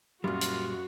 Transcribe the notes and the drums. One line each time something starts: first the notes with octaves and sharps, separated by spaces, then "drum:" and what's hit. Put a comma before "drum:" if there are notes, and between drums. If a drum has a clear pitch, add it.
F#2 A#2 G3 F4 F#4
drum: hi-hat